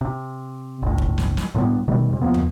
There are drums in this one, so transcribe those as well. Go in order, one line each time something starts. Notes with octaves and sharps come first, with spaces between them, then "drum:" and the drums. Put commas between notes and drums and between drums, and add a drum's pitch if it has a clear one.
C3
G1 C#2 A2
drum: kick
drum: snare
drum: snare
D2 A2 G3 B3
B2 D#3 G3 A3
F2 C3
D#2 F3 A#3 B3
drum: tom